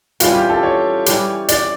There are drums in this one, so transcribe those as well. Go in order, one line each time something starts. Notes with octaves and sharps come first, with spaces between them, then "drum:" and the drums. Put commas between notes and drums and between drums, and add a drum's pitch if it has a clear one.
E3 G3 C#4 F4, drum: hi-hat
G4
A4
C#5
E3 G3 C#4 G4, drum: hi-hat
D5, drum: hi-hat